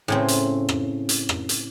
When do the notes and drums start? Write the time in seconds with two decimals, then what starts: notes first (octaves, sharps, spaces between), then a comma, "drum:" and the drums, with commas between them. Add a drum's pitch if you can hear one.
0.08 A2 C#3 C4
0.28 drum: hi-hat
0.69 drum: rim click
1.09 drum: hi-hat
1.29 drum: rim click
1.49 drum: hi-hat